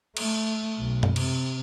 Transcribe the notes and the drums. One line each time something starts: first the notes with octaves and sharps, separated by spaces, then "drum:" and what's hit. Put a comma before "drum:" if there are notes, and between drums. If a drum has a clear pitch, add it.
A3, drum: cymbal
B1
drum: tom F#2
C3, drum: cymbal